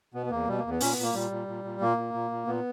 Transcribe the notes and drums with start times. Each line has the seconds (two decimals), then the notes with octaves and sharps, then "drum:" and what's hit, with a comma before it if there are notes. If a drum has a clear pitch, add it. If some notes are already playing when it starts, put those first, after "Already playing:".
0.14 B2 B3
0.26 B3
0.31 E2 A#3
0.48 B2 G3
0.58 A#3
0.64 E2
0.70 B3
0.81 A#2 C#4, drum: open hi-hat
0.92 B3
0.97 A#2
1.03 A#3
1.14 A#2 G3
1.31 A#2
1.47 A#2
1.64 A#2
1.81 A#2 A#3
1.97 A#2
2.14 A#2
2.31 A#2
2.47 A#2 B3